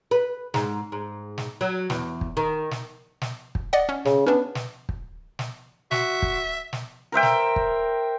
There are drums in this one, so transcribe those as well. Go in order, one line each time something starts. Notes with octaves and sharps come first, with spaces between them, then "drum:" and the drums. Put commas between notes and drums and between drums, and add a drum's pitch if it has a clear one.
B4
G#2, drum: snare
G#2
drum: snare
F#3
E2, drum: snare
drum: kick
D#3
drum: snare
drum: snare
drum: kick
D5 D#5 F#5
C#4
C#3, drum: snare
B3 C#4 D4
drum: snare
drum: kick
drum: snare
F#4 E5, drum: snare
drum: kick
drum: snare
A#4 C5 E5 G5
drum: snare
drum: kick